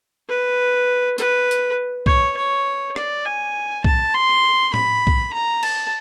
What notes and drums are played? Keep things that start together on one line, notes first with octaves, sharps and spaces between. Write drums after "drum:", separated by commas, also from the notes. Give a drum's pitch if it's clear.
B4
B4, drum: hi-hat
drum: hi-hat
C#5, drum: kick
C#5
D5, drum: rim click
G#5
A5, drum: kick
C6
B5, drum: tom A2
drum: kick
A#5
A5, drum: cymbal